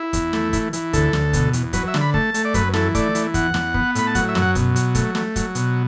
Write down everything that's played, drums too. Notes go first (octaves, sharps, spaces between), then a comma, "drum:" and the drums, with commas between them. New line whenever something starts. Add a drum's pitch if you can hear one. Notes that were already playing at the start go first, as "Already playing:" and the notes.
Already playing: E4
E2, drum: kick, hi-hat
A3, drum: snare
E3, drum: kick, hi-hat
E3, drum: hi-hat
D2 A4, drum: kick, hi-hat
D2, drum: snare
B2, drum: kick, hi-hat
E2, drum: hi-hat
F#3 B4, drum: kick, hi-hat
E5
D3, drum: snare
B5
A3 A5, drum: kick
A3, drum: hi-hat
D5
F#2 B4, drum: kick, hi-hat
E3 A4, drum: snare
A3 D5, drum: kick, hi-hat
E3, drum: hi-hat
E2 F#5, drum: kick, hi-hat
E2, drum: snare
B3, drum: kick
A2 B5, drum: hi-hat
A5
F#3 F#5, drum: kick, hi-hat
E5
F#2, drum: snare
F#5
B2, drum: kick, hi-hat
F#3, drum: hi-hat
A3, drum: kick, hi-hat
A3, drum: snare
F#3, drum: kick, hi-hat
B2, drum: hi-hat